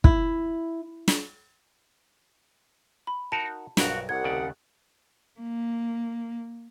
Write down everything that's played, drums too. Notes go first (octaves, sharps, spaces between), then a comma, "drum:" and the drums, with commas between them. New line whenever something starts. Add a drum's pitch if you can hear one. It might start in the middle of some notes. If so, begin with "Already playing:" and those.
E4, drum: kick
drum: snare
B5
D#4 F#4 A#4 A5
B1 G2 F3 A#3 F#4 A#4, drum: snare
C2 F#5 G#6
D#2 C#3 D5
A#3